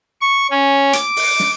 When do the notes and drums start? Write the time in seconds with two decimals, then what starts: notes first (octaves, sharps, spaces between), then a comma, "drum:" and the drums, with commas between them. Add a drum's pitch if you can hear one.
0.21 C#6
0.50 C#4
0.93 D6, drum: hi-hat
1.16 drum: open hi-hat
1.40 drum: snare